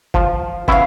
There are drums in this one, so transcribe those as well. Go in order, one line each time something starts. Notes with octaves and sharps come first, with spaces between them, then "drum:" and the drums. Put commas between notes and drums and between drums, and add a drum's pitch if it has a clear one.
F3, drum: kick
B3 C#4 E4 F5, drum: kick